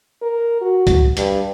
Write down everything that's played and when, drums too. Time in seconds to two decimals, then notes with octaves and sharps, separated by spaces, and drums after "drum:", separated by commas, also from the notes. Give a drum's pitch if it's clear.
0.22 A#4
0.61 F#4
0.87 drum: kick, hi-hat
1.17 G2, drum: hi-hat